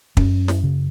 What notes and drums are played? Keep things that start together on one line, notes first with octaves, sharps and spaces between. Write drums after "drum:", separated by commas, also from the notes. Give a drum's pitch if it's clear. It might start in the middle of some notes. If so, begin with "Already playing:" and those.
F#2 C#4, drum: kick
drum: snare
C#3